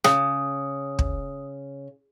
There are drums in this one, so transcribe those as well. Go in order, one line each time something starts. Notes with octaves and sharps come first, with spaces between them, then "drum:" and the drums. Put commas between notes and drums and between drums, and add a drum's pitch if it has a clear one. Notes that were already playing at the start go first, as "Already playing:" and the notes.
C#3 D#6, drum: rim click
drum: kick